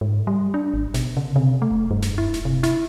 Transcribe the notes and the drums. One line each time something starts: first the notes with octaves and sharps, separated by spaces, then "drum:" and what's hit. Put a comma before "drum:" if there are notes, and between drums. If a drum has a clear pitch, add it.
G#2
G3
D4
G#1
B2, drum: snare
C#3
C3
A3
drum: kick E1
G2
drum: snare
E4, drum: kick E1
drum: snare
C3
E4, drum: snare